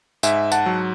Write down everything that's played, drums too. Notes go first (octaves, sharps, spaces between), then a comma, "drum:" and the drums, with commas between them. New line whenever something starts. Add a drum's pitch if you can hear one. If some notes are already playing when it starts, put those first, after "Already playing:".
G#2 E5 G#5, drum: tambourine
F#5 A5, drum: tambourine
F#3